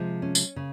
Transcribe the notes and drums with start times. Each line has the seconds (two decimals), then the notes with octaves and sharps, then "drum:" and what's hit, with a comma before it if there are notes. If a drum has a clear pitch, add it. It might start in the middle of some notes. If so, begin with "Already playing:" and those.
Already playing: C3 F3 G#3
0.22 C#4
0.35 drum: tambourine
0.56 C#3